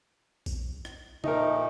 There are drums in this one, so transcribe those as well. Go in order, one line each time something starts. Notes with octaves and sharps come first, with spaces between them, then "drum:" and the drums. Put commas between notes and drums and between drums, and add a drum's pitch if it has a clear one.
drum: kick A#1, tambourine
drum: rim click
A#2 F3 A3 D#4 A#4, drum: tom C#3